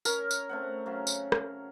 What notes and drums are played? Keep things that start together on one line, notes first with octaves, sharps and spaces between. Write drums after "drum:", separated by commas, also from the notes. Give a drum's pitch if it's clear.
C#4 A#4 C#5, drum: tambourine
drum: tambourine
A3 C4 F#5
C#3 F#3
drum: tambourine
drum: rim click